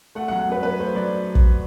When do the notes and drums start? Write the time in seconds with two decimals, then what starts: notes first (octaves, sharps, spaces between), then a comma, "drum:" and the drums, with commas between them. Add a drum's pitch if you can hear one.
0.15 A3 F#5
0.28 F#5
0.31 F#3
0.39 F#5
0.48 F#2 B4
0.63 F#2 B4
0.79 A3 C5
0.95 F#3 D5
1.35 drum: kick